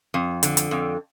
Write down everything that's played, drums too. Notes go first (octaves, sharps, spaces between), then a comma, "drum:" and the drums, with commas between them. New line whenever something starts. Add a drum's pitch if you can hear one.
F2
D3, drum: hi-hat
drum: hi-hat
F2